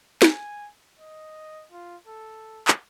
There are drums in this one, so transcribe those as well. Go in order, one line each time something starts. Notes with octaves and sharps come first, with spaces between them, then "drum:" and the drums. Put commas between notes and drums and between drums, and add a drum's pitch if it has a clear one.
G#5, drum: snare
D#5
F4
A4
drum: clap